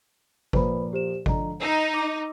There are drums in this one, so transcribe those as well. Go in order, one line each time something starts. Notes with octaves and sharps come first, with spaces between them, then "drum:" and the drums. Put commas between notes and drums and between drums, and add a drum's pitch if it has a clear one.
A#2 F3 A#3 B4 C5 B5, drum: kick G#1
G4 C5 E7
D3 F3 D#5 A#5, drum: kick G#1
D#4 E6 C7 E7
D#5 D6